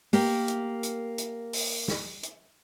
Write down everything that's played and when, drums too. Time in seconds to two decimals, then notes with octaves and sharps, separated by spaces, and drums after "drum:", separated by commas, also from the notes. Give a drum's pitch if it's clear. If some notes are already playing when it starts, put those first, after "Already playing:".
0.13 A#3 G4 A#4, drum: open hi-hat
0.48 drum: hi-hat
0.83 drum: hi-hat
1.18 drum: hi-hat
1.53 drum: open hi-hat
1.88 drum: snare
2.23 drum: hi-hat